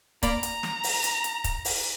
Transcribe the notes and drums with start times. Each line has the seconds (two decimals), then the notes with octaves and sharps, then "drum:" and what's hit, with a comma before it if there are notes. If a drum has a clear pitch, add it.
0.23 A#3 D5 A#5 B5, drum: kick, hi-hat
0.43 drum: hi-hat
0.63 drum: snare
0.83 drum: open hi-hat
1.04 drum: hi-hat
1.24 drum: hi-hat
1.44 drum: kick, hi-hat
1.65 drum: open hi-hat